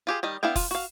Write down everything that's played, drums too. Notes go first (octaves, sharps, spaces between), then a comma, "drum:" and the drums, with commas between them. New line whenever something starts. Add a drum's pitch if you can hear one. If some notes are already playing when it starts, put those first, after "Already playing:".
F4 G4 G#4
D#3 G3 D#5
B3 D4 E4 F5 G5
F4, drum: kick, open hi-hat
F#4 F5